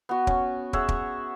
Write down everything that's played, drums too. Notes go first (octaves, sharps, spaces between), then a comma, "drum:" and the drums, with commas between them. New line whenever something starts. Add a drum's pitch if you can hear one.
B3 F#4
C#4, drum: kick
G#4 C#5 E5 F#5, drum: kick
drum: kick